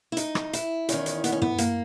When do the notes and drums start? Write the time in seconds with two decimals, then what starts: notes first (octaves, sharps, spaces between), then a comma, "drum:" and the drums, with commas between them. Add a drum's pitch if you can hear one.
0.12 E4
0.17 D#4, drum: hi-hat
0.35 drum: rim click
0.53 E4, drum: hi-hat
0.89 E2 D#3 C#4, drum: hi-hat
1.06 drum: hi-hat
1.24 B3, drum: hi-hat
1.32 C#4
1.42 B3, drum: tom
1.58 A#3, drum: hi-hat